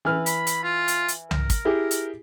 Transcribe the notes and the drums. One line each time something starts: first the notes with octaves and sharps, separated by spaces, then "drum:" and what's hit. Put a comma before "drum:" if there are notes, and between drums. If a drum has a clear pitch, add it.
E3 B4 F6
B5, drum: hi-hat
drum: hi-hat
F4
drum: hi-hat
drum: hi-hat
A#4, drum: tom C2
drum: kick, hi-hat
E4 G4 G#4
drum: hi-hat